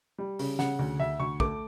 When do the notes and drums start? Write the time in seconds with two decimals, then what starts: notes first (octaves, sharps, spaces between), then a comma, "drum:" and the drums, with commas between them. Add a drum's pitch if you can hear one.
0.19 G3
0.39 C#3, drum: open hi-hat
0.59 C#3 F#5, drum: snare
0.79 D2
1.00 D2 E5
1.20 D2 C#6
1.40 A3 D6, drum: kick